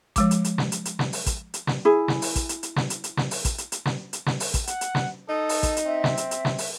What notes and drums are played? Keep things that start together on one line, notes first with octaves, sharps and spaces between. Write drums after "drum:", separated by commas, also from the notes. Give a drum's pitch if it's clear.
F3 G#3 D6, drum: kick, hi-hat
drum: hi-hat
drum: hi-hat
drum: snare
drum: hi-hat
drum: hi-hat
drum: snare
drum: open hi-hat
drum: kick, hi-hat
drum: hi-hat
drum: snare
E4 G#4
drum: snare
drum: open hi-hat
drum: kick, hi-hat
drum: hi-hat
drum: hi-hat
drum: snare
drum: hi-hat
drum: hi-hat
drum: snare
drum: open hi-hat
drum: kick, hi-hat
drum: hi-hat
drum: hi-hat
drum: snare
drum: hi-hat
drum: snare
drum: open hi-hat
drum: kick, hi-hat
F#5, drum: hi-hat
drum: hi-hat
drum: snare
D#4 A4 D#6
drum: open hi-hat
drum: kick, hi-hat
drum: hi-hat
C4 E5
drum: snare
drum: hi-hat
drum: hi-hat
drum: snare
drum: open hi-hat